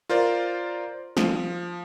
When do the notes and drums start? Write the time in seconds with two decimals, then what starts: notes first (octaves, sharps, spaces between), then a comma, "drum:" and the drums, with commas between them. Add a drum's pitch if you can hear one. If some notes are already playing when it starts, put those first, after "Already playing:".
0.09 F4 A#4 C5 D5
1.17 F3, drum: snare